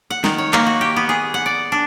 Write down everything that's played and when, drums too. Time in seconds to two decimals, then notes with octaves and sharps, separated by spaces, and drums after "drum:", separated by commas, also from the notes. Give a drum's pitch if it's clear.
0.10 F#5
0.24 D#3, drum: snare
0.38 C#5
0.53 A#3, drum: clap
0.67 F#4
0.81 G4
0.96 B3
1.09 G#4
1.34 F#5
1.46 D5
1.72 D4